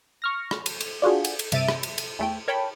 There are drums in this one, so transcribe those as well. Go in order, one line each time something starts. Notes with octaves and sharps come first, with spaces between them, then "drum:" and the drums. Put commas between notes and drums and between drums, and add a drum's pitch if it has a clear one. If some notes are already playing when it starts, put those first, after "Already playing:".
C#6 F6 A#6
drum: rim click
drum: cymbal
drum: cymbal
D4 F4 F#4 G#4
drum: cymbal
drum: cymbal
G2 C3 E5 A6 D7 D#7, drum: cymbal
drum: rim click
drum: cymbal
drum: cymbal
E2 A3 G5
A#4 C#5 G5 A5 B5